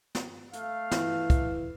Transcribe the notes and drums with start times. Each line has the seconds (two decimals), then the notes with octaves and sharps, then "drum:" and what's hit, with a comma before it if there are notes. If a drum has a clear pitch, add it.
0.15 drum: snare
0.53 A3 F5, drum: hi-hat
0.91 E3, drum: snare
1.30 drum: kick, hi-hat